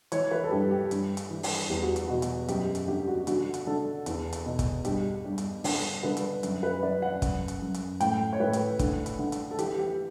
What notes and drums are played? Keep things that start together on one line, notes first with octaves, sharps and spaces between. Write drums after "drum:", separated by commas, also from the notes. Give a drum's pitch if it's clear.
E3 C#5, drum: hi-hat
B4
A4
G2 G4
G4
G2, drum: hi-hat
drum: hi-hat
E3
drum: open hi-hat
E2 G4
F#4
drum: hi-hat
B2 F#4
drum: hi-hat
F#2 G4, drum: hi-hat
drum: hi-hat
D3 G4
F#4
D3 F#4, drum: hi-hat
drum: hi-hat
D3 A4
E2, drum: hi-hat
drum: hi-hat
B2
drum: kick, hi-hat
G2 G4, drum: hi-hat
G2
drum: hi-hat
D3, drum: open hi-hat
D3 B4
drum: hi-hat
F#2, drum: hi-hat
B4
F#2 D5
F#5
F#2, drum: kick, hi-hat
drum: hi-hat
F#2
drum: hi-hat
A2 G5, drum: hi-hat
C#5
A2 B4
drum: hi-hat
D3, drum: kick, hi-hat
drum: hi-hat
D3
drum: hi-hat
A4
E3 G4, drum: hi-hat
G4